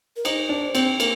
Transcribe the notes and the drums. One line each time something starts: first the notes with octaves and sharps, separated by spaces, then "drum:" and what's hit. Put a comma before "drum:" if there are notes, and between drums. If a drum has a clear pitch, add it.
A#4
D#4 C5, drum: cymbal
D4
C4, drum: cymbal
A#3, drum: cymbal